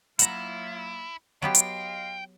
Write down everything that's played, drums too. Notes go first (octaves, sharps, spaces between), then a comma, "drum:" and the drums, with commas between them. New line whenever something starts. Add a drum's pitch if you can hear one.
F#3 A#3 E4 F4 F#5 A#5, drum: hi-hat
F#3 B3 G4 D#5 F5 G5 C6
drum: hi-hat